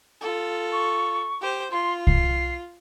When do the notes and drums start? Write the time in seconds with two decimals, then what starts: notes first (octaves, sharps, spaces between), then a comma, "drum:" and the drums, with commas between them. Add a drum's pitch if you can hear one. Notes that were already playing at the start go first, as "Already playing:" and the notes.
0.21 F4 A4
0.72 C#6
1.41 G4 C5
1.71 F4 C6
2.07 C7, drum: kick C2